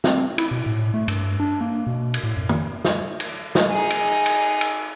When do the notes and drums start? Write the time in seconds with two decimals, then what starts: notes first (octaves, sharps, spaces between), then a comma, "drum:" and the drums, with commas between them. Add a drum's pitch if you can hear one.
0.04 C4, drum: snare
0.38 E4, drum: cymbal
0.51 B2
0.66 A2
0.94 A3
1.08 G2, drum: cymbal
1.40 D4
1.61 A#3
1.87 B2
2.14 drum: cymbal
2.23 A2
2.37 F#2
2.49 drum: tom
2.85 drum: snare
3.20 drum: cymbal
3.55 drum: snare
3.70 D#4 G#4
3.90 drum: cymbal
4.26 drum: cymbal
4.61 drum: cymbal